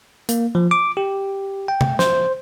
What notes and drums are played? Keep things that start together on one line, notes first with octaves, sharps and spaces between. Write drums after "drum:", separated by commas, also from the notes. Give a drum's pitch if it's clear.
A#3, drum: hi-hat
F3
D6
G4
G5
drum: tom C3
C5, drum: snare